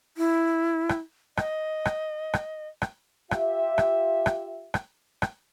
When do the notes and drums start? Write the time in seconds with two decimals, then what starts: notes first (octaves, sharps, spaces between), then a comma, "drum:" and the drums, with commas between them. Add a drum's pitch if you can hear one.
0.17 E4
0.89 drum: rim click
1.37 D#5, drum: rim click
1.85 drum: rim click
2.33 drum: rim click
2.82 drum: rim click
3.31 F4 G4 E5, drum: rim click
3.78 drum: rim click
4.26 drum: rim click
4.74 drum: rim click
5.22 drum: rim click